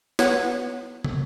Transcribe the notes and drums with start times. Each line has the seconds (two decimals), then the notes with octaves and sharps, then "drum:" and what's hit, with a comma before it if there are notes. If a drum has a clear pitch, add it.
0.19 B3 B4 C#5 F#5, drum: snare
1.04 drum: tom